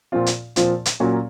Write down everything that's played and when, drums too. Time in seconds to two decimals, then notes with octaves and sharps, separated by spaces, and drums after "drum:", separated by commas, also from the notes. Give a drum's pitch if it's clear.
0.12 A#2 F3 C4 F4
0.26 drum: hi-hat
0.56 A#2 F3 C4 F4, drum: hi-hat
0.86 drum: hi-hat
1.00 A#2 F#3 A#3 C#4 F#4